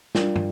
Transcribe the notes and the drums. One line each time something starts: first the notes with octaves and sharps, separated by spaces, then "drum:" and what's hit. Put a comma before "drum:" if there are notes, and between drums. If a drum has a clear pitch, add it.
G3 D4 F4 A#4, drum: snare
drum: tom